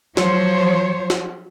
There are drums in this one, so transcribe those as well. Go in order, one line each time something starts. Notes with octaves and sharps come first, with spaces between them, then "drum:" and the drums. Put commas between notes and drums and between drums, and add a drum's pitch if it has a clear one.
F3 F#3 C5 C#5, drum: snare
drum: snare